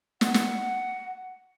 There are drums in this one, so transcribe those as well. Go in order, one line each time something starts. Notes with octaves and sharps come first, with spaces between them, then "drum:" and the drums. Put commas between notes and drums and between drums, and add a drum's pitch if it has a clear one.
F#5, drum: snare
drum: snare